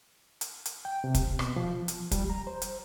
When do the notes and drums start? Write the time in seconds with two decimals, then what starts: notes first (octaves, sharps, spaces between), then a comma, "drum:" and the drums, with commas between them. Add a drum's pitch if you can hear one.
0.41 drum: hi-hat
0.66 drum: hi-hat
0.85 G5
1.04 C3
1.15 drum: kick, hi-hat
1.39 B2, drum: rim click
1.56 F3
1.88 drum: hi-hat
2.11 G3, drum: kick, hi-hat
2.30 A#5
2.47 C5
2.62 drum: hi-hat